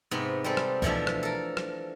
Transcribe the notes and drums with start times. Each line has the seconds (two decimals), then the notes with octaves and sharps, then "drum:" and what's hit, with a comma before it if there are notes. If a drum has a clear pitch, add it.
0.11 G#2 C3 B3 F#5
0.44 G3 G#3 C4 A4
0.57 drum: rim click
0.82 B2 E3 F3 A3 D4 E5, drum: kick
1.07 drum: rim click
1.23 A4 A#4
1.57 drum: rim click